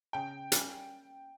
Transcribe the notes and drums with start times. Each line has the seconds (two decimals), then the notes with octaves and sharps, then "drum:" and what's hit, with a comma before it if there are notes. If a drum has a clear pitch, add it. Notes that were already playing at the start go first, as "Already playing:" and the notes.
0.13 C#3 G5
0.52 G3 A#3 C#4, drum: hi-hat